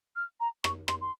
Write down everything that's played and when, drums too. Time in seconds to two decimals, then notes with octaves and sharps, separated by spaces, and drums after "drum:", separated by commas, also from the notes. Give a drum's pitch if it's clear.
0.16 F6
0.40 A#5
0.64 C#6, drum: rim click
0.88 C6, drum: rim click
1.01 C6